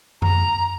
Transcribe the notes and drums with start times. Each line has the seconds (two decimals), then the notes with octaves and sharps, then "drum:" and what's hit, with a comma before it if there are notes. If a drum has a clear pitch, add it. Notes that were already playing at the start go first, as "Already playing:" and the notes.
0.22 A#5, drum: tom F#2